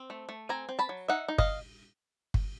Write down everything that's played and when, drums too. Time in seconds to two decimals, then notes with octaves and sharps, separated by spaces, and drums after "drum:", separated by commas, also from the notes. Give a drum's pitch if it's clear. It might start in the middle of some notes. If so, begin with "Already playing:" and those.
Already playing: C4
0.10 A3
0.29 A3
0.49 C4 G#5 A#5
0.69 C4
0.79 A5 B5
0.89 F#3
1.08 D#4 E5 F#5
1.28 D#4
1.38 D#5 F5, drum: kick
2.34 drum: kick